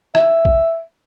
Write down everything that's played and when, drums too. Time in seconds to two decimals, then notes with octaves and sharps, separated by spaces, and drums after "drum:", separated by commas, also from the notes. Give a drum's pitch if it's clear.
0.15 E5, drum: rim click
0.45 drum: kick